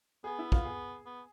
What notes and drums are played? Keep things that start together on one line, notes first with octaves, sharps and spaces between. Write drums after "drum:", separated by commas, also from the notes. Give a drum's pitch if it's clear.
B3 G#4
E4
F4, drum: kick
G#4
B3